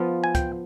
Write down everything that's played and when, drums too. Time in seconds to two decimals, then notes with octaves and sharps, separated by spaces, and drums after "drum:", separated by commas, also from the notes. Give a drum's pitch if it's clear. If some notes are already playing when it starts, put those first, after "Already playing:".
Already playing: F3 B3 F4
0.24 G#5
0.35 G5, drum: kick C#2, hi-hat